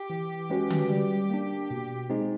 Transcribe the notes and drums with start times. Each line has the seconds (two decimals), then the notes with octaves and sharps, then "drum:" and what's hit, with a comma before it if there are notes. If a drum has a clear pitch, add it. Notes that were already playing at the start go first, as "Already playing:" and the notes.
Already playing: G4
0.10 E3
0.50 G#3 C#4 F#4 B4
0.70 drum: tom D3
0.90 G3
1.30 A#3 D4
1.71 B2
2.10 G#3 C4 D#4 G#4